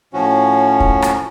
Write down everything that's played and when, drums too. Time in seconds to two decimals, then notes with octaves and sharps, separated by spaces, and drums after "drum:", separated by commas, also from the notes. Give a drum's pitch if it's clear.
0.14 A2 F3 C#4 F#4
0.80 drum: kick
1.02 drum: rim click